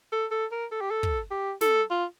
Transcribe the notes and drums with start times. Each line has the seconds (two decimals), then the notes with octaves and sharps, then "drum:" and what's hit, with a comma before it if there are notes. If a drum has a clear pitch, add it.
0.12 A4
0.31 A4
0.52 A#4
0.71 A4
0.81 G4
0.91 A4
1.03 drum: kick
1.31 G4
1.61 A4, drum: snare
1.90 F4